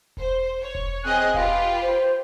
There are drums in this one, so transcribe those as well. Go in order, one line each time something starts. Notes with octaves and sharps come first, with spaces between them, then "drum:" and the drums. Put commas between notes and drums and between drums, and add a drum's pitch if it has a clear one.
C5, drum: kick E1
C#5
drum: kick E1
C4 G#4 D#5 F#6
F4 G4 B4 F5, drum: kick E1
C5